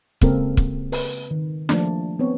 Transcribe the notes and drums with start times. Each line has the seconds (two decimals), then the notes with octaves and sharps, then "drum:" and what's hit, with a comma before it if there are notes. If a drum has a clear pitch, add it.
0.21 C#3 G#3 A#3 C4 A4 A#4, drum: kick
0.57 drum: kick
0.92 B4, drum: open hi-hat
1.31 D#3
1.69 F3 A3 A#3 D4, drum: snare
2.19 B3 C4 C#5